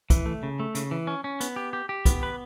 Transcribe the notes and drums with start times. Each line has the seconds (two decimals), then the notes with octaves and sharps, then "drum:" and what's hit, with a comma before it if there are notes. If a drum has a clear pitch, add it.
0.10 E3, drum: kick, hi-hat
0.26 A3
0.43 C#3
0.60 A3
0.75 C#3, drum: hi-hat
0.91 E3
1.07 C#4
1.24 C#4
1.40 B3, drum: hi-hat
1.56 G4
1.73 G4
1.89 G4
2.05 B3, drum: kick, hi-hat
2.23 B4